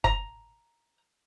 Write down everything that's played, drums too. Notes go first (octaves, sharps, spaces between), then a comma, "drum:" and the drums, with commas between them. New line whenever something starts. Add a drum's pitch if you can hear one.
A#5, drum: kick F#1